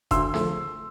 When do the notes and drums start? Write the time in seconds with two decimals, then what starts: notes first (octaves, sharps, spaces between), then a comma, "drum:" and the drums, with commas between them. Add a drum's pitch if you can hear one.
0.11 D2 C6 E6, drum: kick F1, hi-hat
0.34 F3 A3, drum: snare